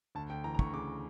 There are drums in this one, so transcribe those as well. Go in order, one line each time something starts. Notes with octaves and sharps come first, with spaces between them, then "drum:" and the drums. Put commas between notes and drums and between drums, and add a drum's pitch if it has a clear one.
D2 A5
D2 G5
E3 A#5
A#5
D2 C#6, drum: kick
C#3 D6